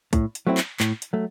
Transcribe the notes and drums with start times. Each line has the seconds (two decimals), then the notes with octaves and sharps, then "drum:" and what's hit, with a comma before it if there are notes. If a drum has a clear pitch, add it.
0.13 A2, drum: kick, hi-hat
0.35 drum: hi-hat
0.47 F#3 A3 C4 E4
0.57 drum: clap
0.80 A2, drum: clap
1.02 drum: hi-hat
1.13 F#3 A3